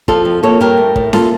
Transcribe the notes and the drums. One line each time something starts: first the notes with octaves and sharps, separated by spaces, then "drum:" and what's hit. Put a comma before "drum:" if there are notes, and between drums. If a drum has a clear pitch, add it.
F3 F4 A4, drum: kick
F2
A#3 A4 C#5
G2 G4 A#4
A3
A2, drum: kick
A#3 F4 A4, drum: snare C#4